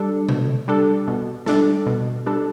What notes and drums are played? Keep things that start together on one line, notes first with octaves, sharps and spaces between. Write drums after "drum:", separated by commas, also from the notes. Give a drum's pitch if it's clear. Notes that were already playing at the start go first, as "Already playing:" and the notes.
Already playing: G3 D4 A4
B2, drum: tom C3
G3 D4 A4
B2
G3 D4 A4, drum: snare
B2
G3 D4 A4